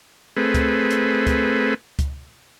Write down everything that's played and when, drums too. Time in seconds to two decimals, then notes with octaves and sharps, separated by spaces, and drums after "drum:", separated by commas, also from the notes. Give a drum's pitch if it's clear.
0.36 A3 C4 G#4 B4
0.55 drum: kick C#2, hi-hat
0.91 drum: hi-hat
1.27 drum: kick C#2, hi-hat
1.99 drum: kick C#2, hi-hat